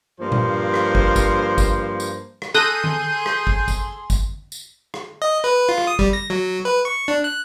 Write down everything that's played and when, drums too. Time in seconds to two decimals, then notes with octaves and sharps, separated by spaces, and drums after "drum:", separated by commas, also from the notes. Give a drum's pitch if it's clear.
0.18 G2 F3 A#3 C5
0.32 drum: tom A#2
0.74 drum: rim click
0.95 drum: kick
1.16 drum: kick, tambourine
1.58 drum: kick, tambourine
2.00 drum: tambourine
2.42 drum: rim click
2.54 G#4 A4 C6 D#6 F#6 G6 A#6 D#7
2.84 drum: tom D#3
3.26 drum: rim click
3.47 drum: kick
3.68 drum: kick, tambourine
4.10 drum: kick, tambourine
4.52 drum: tambourine
4.94 drum: rim click
5.22 D#5
5.44 B4
5.69 F4
5.78 drum: rim click
5.87 D#6
5.99 G3, drum: kick
6.13 A#6
6.30 F#3
6.65 B4
6.85 C#6
7.08 D4
7.24 F#6